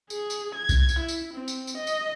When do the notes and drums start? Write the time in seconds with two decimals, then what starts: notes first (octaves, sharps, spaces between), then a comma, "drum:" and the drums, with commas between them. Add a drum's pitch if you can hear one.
0.10 G#4, drum: tambourine
0.30 drum: tambourine
0.55 G#6
0.69 drum: kick C2, tambourine
0.89 drum: tambourine
0.99 E4
1.08 drum: tambourine
1.33 C4
1.48 drum: tambourine
1.67 drum: tambourine
1.77 D#5
1.87 drum: tambourine